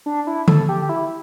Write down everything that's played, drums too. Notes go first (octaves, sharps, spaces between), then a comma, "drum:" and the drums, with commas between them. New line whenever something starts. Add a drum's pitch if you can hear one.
D4
E4
A4, drum: tom D3
G4
G4
E4